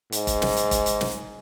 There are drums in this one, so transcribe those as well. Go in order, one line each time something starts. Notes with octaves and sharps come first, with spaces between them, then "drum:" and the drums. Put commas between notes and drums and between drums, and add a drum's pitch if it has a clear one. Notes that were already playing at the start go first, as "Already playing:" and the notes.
G#2, drum: hi-hat
drum: kick, hi-hat
drum: snare
drum: hi-hat
drum: kick, hi-hat
drum: hi-hat
drum: snare